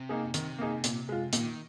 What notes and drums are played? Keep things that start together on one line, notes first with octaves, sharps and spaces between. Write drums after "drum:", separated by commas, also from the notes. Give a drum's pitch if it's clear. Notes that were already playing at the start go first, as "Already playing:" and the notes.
Already playing: C3
A#3 D#4 G#4
C3 D#3, drum: hi-hat
A#3 D#4 G#4
A#2, drum: hi-hat
G#3 F4
A#2 D#3, drum: hi-hat